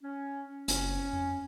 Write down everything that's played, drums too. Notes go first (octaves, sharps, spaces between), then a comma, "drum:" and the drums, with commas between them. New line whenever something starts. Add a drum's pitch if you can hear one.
C#4
F#1 C#4, drum: hi-hat
F2